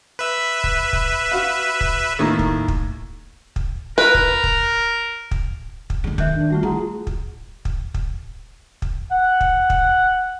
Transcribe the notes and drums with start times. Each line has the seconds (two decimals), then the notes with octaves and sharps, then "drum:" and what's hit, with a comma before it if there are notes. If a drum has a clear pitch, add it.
0.19 B4 E5
0.64 drum: kick
0.93 drum: kick
1.32 F#4 F5
1.81 drum: kick
2.19 D#2 A2 D#3
2.39 drum: kick
2.68 drum: kick
3.56 drum: kick
3.98 A#4 B4
4.14 drum: kick
4.44 drum: kick
5.31 drum: kick
5.90 drum: kick
6.04 D3 G#3
6.18 D#3 E5 F#6 G6, drum: kick
6.36 D4
6.50 G3 A3 F4 F#4
6.63 E4 F#4 G#4 F#5 A#5
7.07 drum: kick
7.65 drum: kick
7.94 drum: kick
8.82 drum: kick
9.11 F#5
9.41 drum: kick
9.70 drum: kick